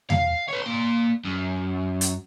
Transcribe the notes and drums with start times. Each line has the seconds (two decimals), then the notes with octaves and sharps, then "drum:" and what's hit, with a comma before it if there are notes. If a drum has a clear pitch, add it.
0.10 F5, drum: tom E2
0.48 B4 C#5
0.62 A#3 C6
1.25 F#2
2.01 drum: hi-hat